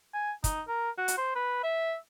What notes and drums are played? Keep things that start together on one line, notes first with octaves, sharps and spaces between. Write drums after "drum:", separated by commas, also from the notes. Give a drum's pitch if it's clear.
G#5
D#4, drum: kick, hi-hat
A#4
F#4
drum: hi-hat
C5
B4
E5